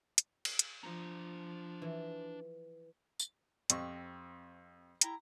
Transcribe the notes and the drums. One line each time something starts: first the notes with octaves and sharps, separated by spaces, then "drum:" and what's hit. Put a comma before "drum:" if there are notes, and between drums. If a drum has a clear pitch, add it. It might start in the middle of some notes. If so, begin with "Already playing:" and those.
drum: hi-hat
drum: cymbal
drum: hi-hat
F3 D4 A#5
E3
drum: tambourine
F2 C4 G4 C#6, drum: hi-hat
E4 G4 A#5, drum: hi-hat